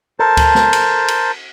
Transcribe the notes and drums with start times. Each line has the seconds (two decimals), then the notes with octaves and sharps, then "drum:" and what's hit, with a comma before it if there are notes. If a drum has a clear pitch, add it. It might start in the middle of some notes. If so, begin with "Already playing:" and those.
0.19 A4 A#4 C5 A5
0.37 drum: kick C#2, cymbal
0.55 drum: snare
0.73 drum: cymbal
1.08 drum: cymbal